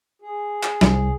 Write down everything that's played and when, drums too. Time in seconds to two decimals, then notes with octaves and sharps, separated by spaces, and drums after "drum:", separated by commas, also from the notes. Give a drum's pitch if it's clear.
0.22 G#4
0.63 drum: clap
0.81 C2, drum: snare